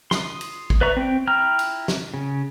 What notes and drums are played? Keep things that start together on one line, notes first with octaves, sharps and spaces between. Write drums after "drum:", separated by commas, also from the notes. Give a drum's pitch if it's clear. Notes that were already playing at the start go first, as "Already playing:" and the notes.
C6 D#6, drum: snare
drum: cymbal
drum: kick
B4 D5 E5 A#5 C#6
C4 G5
E4 G5 A#5 F6
drum: cymbal
drum: snare
C#3